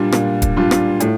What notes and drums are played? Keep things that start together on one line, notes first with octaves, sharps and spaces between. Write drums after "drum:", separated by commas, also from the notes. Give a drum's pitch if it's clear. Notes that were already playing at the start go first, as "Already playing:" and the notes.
Already playing: A#2 G3 D4 F4
A#2, drum: rim click
drum: kick, hi-hat
G3 D4 F4
drum: rim click
A2, drum: hi-hat